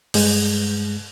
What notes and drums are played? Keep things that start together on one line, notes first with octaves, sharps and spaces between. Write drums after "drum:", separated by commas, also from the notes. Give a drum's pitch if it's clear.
G2 G#3, drum: open hi-hat